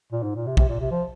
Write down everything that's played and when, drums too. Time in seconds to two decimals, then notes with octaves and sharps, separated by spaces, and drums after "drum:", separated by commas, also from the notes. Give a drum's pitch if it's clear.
0.12 A#2
0.23 G#2
0.35 A#2
0.47 C3
0.57 C3, drum: kick
0.69 A#2
0.80 C3
0.91 F3